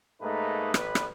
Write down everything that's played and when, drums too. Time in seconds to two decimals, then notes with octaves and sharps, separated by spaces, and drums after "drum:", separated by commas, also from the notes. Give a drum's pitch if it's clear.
0.21 G#2 A3 A#3 D#4 B4
0.74 A1 B4, drum: rim click
0.95 drum: rim click